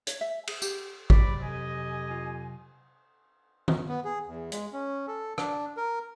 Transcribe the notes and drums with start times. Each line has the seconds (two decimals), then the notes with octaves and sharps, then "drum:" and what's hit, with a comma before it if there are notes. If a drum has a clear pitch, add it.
0.07 C#5, drum: hi-hat
0.21 E5
0.47 G#4, drum: cymbal
0.62 G4, drum: tambourine
1.10 C3 F#3 D5 B5, drum: kick
1.42 F2 G4 D#5 G#5
2.11 F4
3.68 drum: tom
3.88 B3
4.04 G#4
4.26 E2
4.52 G#3, drum: hi-hat
4.73 C#4
5.08 A4
5.38 D4, drum: rim click
5.77 A#4